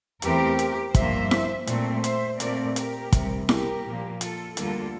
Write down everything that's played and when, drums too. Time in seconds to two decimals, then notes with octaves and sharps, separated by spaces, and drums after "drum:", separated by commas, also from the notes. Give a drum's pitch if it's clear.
0.22 E2 E3 A3 C4 G4 A#4, drum: hi-hat
0.59 drum: hi-hat
0.95 G2 F3 A#3 C5 E5, drum: kick, hi-hat
1.31 drum: snare E4
1.67 A#2 A3 C4, drum: hi-hat
2.04 C5 E5, drum: hi-hat
2.40 A#2 A3 C4 A#4 D5, drum: hi-hat
2.76 G4 A#4, drum: hi-hat
3.12 D2 C3 G3, drum: kick, hi-hat
3.49 G4 A#4, drum: snare E4
3.85 A#2 F3 A#3
4.21 F4 A4, drum: hi-hat
4.57 D2 D3 G3 A#3 F4 A4, drum: hi-hat